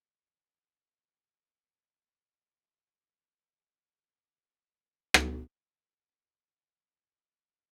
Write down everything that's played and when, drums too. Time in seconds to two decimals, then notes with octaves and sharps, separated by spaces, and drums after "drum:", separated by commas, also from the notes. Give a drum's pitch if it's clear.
1.74 G#3 D5
2.11 E4 B5
2.64 F4 C5
5.14 drum: rim click
5.48 B1 A#3 C4 C#4 E4
6.97 F#2 C4